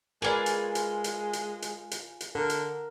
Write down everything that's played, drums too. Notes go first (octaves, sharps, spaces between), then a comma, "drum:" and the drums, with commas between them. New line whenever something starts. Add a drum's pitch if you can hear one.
G#3 F4 G#4 A#4 B4 D5
drum: hi-hat
drum: hi-hat
drum: hi-hat
drum: hi-hat
drum: hi-hat
drum: hi-hat
drum: hi-hat
D3 A#4
drum: hi-hat